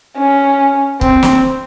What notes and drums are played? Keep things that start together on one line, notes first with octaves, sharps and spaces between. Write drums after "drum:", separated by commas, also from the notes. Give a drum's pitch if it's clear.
C#4
C4, drum: kick
drum: snare